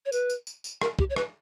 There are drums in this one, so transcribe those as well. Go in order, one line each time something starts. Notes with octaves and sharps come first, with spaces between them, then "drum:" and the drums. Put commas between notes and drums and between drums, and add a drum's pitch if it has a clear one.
C#5
B4, drum: tambourine
drum: tambourine
drum: tambourine
drum: tambourine
A#4, drum: rim click
G4, drum: kick
C#5
B4, drum: rim click